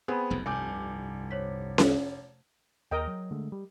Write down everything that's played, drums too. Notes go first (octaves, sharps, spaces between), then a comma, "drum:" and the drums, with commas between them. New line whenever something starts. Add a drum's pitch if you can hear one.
B3 C4 G#4 F#5 B5
F1 B1 F2
F1 C2 G2 G#5 D6 G6
C5 C#5 B6
drum: snare C#4
D#2 A#4 D#5 G5
F#3
D3 G#3 A3
G3